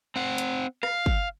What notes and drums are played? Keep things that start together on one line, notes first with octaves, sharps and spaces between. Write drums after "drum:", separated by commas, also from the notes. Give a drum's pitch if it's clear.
C4 F#5
drum: hi-hat
F5, drum: rim click
drum: kick